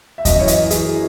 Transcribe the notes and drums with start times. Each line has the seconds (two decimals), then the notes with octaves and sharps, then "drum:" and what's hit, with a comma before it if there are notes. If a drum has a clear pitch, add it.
0.18 E5
0.25 F#2 D#5, drum: kick D2, hi-hat
0.39 E3 C#5
0.48 D#5, drum: hi-hat
0.56 E3
0.70 E3 G#4, drum: hi-hat
0.85 E3